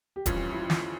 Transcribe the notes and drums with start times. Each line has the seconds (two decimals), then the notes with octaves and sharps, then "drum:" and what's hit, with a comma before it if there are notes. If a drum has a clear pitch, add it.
0.16 G4
0.26 F2 E3 G3 C#4 F4, drum: kick D#1, hi-hat
0.52 E4
0.58 F4
0.70 drum: snare